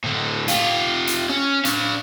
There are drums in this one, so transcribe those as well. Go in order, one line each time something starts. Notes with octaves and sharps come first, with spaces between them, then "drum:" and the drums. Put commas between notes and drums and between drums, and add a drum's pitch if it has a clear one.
A2 D3
F4 G4, drum: hi-hat
drum: hi-hat
C#4
D4 F5, drum: hi-hat